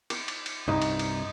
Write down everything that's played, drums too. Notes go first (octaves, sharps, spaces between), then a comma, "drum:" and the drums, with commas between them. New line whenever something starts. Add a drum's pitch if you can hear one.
D6, drum: cymbal
drum: cymbal
drum: cymbal
C2 G2 D#4
drum: cymbal
drum: cymbal